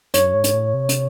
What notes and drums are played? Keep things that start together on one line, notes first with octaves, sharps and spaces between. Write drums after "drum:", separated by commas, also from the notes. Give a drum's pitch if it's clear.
F#2 C#5, drum: hi-hat
G#2
drum: hi-hat
A2
C3
drum: hi-hat